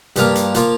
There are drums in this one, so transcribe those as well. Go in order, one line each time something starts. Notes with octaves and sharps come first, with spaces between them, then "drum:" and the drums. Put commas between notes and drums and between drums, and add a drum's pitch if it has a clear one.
G2 F3 A#3 F4, drum: hi-hat
drum: hi-hat
F3 A#3 F4, drum: hi-hat